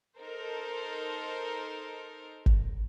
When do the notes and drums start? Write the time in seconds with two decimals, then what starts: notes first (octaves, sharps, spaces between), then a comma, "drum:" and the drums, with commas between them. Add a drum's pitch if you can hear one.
0.18 D#4 A4 A#4 C5
2.46 drum: kick